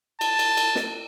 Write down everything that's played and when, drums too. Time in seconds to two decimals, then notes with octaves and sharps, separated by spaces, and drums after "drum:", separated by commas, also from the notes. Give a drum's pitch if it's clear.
0.21 A5, drum: cymbal
0.39 drum: cymbal
0.57 drum: cymbal
0.75 drum: snare